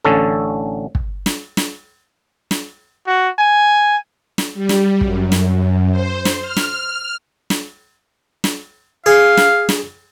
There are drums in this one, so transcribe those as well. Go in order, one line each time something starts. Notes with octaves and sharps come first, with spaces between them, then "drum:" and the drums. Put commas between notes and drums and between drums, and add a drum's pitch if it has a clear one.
A1 D3 C#4 A4
drum: kick
drum: snare
drum: snare
drum: snare
F#4
G#5
drum: snare
G3
drum: snare
F#2, drum: kick
drum: snare
C5
drum: snare
F6
drum: snare
drum: snare
drum: snare
G#4 F5
drum: snare
drum: snare